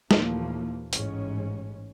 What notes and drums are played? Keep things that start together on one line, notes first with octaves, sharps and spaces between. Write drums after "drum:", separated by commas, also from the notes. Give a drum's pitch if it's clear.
D#2 A#2 E3 F3 A3 A#3, drum: snare
A1 G#2 C#4, drum: hi-hat